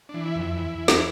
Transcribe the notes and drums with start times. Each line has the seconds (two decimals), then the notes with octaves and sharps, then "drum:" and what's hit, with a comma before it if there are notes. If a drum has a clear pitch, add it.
0.09 E3 D4
0.26 E4
0.35 F2
0.41 E4
0.56 E2
0.78 E2
0.88 drum: snare